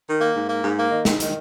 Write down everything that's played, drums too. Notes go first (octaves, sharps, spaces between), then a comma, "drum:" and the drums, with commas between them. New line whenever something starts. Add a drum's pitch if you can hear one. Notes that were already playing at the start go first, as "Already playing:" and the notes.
D#3
A#3
G#2
A#3
G#2
A#3
D#3
G#2, drum: snare
D#3, drum: hi-hat